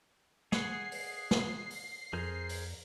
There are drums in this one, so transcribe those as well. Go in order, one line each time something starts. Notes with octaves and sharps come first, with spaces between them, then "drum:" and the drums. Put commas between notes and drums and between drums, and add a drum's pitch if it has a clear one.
G#4 F#5 C7, drum: snare
drum: open hi-hat
drum: snare
drum: open hi-hat
F2 G#4 A#4 C5
drum: open hi-hat